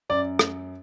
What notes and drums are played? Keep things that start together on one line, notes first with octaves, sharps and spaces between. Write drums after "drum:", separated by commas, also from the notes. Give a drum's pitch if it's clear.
F#2 D5
drum: rim click